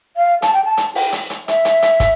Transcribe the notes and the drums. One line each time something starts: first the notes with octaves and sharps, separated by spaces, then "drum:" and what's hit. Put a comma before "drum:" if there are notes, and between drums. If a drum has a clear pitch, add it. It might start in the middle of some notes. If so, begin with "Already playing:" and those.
F5
A5, drum: hi-hat
G5
A5
drum: hi-hat
G5, drum: open hi-hat
drum: hi-hat
drum: hi-hat
E5, drum: hi-hat
drum: hi-hat
drum: hi-hat
drum: kick, hi-hat